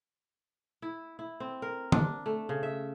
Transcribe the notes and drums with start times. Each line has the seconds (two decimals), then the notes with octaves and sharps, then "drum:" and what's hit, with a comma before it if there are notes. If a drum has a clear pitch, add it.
0.82 E4
1.19 E4
1.40 C4
1.62 A#4
1.92 D4, drum: tom D3
2.26 A3
2.49 C#3
2.63 E5